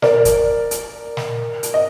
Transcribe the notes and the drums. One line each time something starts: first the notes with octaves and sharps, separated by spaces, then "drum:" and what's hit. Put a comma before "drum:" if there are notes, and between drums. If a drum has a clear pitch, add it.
A#4 D5, drum: snare
drum: kick, hi-hat
drum: hi-hat
drum: snare
drum: hi-hat
D#5